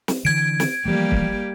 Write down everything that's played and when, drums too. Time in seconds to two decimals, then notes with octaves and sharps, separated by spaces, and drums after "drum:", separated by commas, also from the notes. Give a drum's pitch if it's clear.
0.08 drum: snare
0.25 D3 E3 G#6 D7
0.60 drum: snare
0.86 E3 F3 G3 A3 A#3 G4
1.11 drum: kick